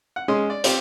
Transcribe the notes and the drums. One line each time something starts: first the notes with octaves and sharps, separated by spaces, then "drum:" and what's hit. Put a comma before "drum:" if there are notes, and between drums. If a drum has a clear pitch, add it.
F#5
G#3 C#4 C6 D#6
D5
C4 F4 G4, drum: hi-hat